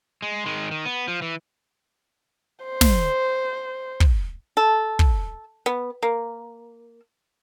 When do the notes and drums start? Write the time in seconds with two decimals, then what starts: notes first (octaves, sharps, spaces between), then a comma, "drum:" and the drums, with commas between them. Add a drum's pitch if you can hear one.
0.22 G#3
0.46 D#3 G#3
0.71 D#3
0.85 B3
1.08 F3
1.22 E3
2.65 C5
2.81 drum: snare
4.00 drum: kick
4.57 A4
4.99 drum: kick
5.66 B3
6.03 A#3